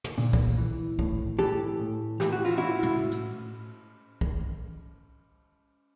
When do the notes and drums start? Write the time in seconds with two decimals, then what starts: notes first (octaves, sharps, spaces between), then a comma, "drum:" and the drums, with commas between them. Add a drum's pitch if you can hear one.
0.04 drum: tom
0.18 A#2, drum: open hi-hat
0.33 drum: kick
0.58 E3
0.99 A2, drum: kick
1.39 E3 G4 A4
1.80 A2
2.20 E3 G4, drum: snare
2.32 F#4
2.45 F4, drum: cymbal
2.58 A2 E4 F#4
2.83 drum: tom
3.11 drum: hi-hat
4.21 drum: kick